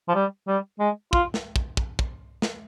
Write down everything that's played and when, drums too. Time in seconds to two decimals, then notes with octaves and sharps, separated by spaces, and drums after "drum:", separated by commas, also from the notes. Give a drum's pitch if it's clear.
0.09 F3
0.15 G3
0.48 G3
0.80 G#3
1.13 F4, drum: kick
1.34 drum: snare
1.56 drum: kick
1.77 drum: kick
1.99 drum: kick
2.42 drum: snare